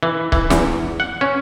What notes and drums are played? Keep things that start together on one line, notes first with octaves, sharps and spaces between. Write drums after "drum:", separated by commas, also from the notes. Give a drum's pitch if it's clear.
E3
E3, drum: kick C#1
E2, drum: snare
F#5
C#4